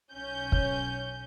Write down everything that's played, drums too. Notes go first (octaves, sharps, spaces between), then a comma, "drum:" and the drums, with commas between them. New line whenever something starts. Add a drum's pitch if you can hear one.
B1 C#4 G6
drum: kick